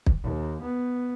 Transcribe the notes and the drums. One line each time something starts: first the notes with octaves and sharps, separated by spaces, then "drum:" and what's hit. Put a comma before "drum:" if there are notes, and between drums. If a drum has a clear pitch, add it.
drum: kick
D#2
B3